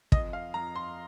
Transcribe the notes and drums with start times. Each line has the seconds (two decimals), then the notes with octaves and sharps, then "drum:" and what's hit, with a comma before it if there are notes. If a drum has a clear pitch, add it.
0.12 F2 D#5, drum: kick
0.33 F5
0.54 F2 A#5
0.76 C6